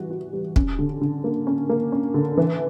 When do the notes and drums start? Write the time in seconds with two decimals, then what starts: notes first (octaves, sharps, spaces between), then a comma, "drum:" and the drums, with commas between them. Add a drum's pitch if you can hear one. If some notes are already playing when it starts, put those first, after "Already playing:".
Already playing: E3 G3 F#4
0.10 F#4
0.33 G3
0.56 C#4, drum: kick
0.79 D3
1.02 D3
1.24 A#3
1.47 C#4
1.69 A#3
1.92 C#4
2.14 D3
2.37 E3